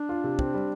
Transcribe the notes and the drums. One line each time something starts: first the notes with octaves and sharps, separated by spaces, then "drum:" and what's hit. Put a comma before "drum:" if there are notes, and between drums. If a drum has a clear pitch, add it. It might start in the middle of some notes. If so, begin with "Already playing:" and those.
Already playing: D4
F4
C3
C4, drum: kick
G3